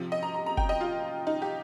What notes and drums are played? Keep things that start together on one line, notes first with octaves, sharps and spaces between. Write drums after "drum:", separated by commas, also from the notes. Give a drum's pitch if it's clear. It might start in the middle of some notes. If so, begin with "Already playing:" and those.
Already playing: C3 F3
D#5
A#5
A#5
A#5
G5, drum: kick
D#5
F4
D#4
G4